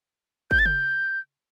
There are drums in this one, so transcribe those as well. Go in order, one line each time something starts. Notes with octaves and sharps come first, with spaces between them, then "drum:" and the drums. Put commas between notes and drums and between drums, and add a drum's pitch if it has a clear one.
G6, drum: kick
A6
G6, drum: tom C#3